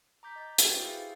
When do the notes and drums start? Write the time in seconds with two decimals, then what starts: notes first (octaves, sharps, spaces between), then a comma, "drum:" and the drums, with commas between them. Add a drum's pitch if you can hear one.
0.23 A#5 D6 G6 B6
0.36 D#5 A6
0.58 E4 F#4 G4 B4 C5 G5, drum: hi-hat
0.79 E4 G#4 C5 E5 F5 A6